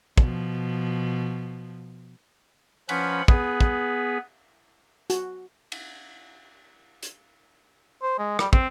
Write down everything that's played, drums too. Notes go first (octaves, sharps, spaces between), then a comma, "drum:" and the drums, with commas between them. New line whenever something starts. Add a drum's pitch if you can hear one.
B2 F3, drum: kick
F3 C#4 B4 F#5 B5, drum: cymbal
B3 G#4 B4, drum: kick
drum: kick
F#4, drum: hi-hat
drum: cymbal
drum: hi-hat
C5
G#3
G3, drum: rim click
C4, drum: kick